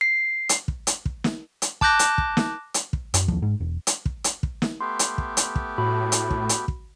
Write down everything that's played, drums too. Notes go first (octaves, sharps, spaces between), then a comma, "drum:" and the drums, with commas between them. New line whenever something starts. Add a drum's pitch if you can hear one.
C7
drum: hi-hat
drum: kick
drum: hi-hat
drum: kick
drum: snare
drum: hi-hat
A5 D6 F#6 G6 A#6, drum: kick
drum: hi-hat
drum: kick
drum: snare
drum: hi-hat
drum: kick
F#2, drum: hi-hat
D#2 F3, drum: kick
G#2
E1
drum: hi-hat
drum: kick
drum: hi-hat
drum: kick
drum: snare
A3 B3 G4 C6
drum: hi-hat
drum: kick
drum: hi-hat
drum: kick
A2 F#4 B5
drum: hi-hat
drum: kick
drum: hi-hat
drum: kick